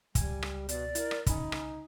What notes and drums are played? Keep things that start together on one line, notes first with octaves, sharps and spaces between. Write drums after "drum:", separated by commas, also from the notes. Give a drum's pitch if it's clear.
C#2 G3 G#5, drum: kick, hi-hat
drum: rim click
B2 D5, drum: hi-hat
E4 A#4, drum: hi-hat
drum: rim click
C2 C#3 D#4 G#5 B5, drum: kick, hi-hat
drum: rim click